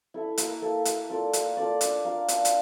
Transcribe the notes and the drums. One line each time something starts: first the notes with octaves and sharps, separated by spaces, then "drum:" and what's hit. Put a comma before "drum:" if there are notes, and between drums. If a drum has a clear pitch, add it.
E4 A4 E5
A#3, drum: hi-hat
E4 A4 E5
A#3, drum: hi-hat
F4 A4 D5
A#3, drum: hi-hat
F4 A4 D5
D4, drum: hi-hat
F4 A#4 F5
D4, drum: hi-hat
drum: hi-hat